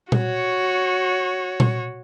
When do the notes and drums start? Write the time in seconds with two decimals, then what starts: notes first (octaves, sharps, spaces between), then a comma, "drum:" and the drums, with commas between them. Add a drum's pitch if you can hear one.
0.12 F#4 C#5, drum: tom A#2
1.60 drum: tom A#2